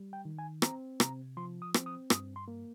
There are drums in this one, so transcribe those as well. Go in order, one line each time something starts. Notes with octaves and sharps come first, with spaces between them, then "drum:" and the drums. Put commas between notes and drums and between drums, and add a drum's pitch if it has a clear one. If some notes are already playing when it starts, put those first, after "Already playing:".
Already playing: G3
G5
D#3
G#5
C4 A#5, drum: rim click
C3 A#5, drum: rim click
F3 C6
D#6
C4, drum: rim click
D#6
G2 D#6, drum: rim click
C6
A#3